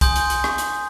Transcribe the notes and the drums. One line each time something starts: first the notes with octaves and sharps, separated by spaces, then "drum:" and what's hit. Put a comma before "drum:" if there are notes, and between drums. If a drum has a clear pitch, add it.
G#5 C6 D#6 G6, drum: kick C2, hi-hat
drum: hi-hat
drum: hi-hat
drum: rim click
drum: hi-hat